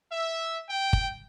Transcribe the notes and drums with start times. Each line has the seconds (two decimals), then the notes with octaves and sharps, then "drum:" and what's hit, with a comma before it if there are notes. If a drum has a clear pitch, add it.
0.12 E5
0.69 G5
0.93 drum: kick G1